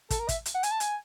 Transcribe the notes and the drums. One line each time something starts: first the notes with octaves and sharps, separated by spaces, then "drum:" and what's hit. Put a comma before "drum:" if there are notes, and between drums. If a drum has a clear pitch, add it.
A4, drum: kick, hi-hat
A#4
E5, drum: kick, hi-hat
drum: hi-hat
F#5
G#5, drum: hi-hat
A5
G#5, drum: hi-hat